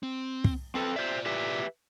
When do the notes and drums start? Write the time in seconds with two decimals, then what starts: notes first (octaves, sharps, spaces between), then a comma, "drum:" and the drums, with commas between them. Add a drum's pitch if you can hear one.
0.03 C4
0.44 drum: kick
0.75 C4 A4 B4
0.96 F4 C5 D5 E5
1.26 G4 B4 E5